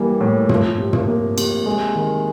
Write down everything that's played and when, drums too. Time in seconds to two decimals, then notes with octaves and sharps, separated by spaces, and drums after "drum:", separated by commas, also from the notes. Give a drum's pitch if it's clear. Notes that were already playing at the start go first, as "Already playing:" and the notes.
Already playing: E3 G3 A#3
0.21 A2
0.49 F3, drum: tom
0.78 C3
0.93 drum: tom
1.08 A#3
1.38 C3, drum: cymbal
1.66 G#3
1.95 D#3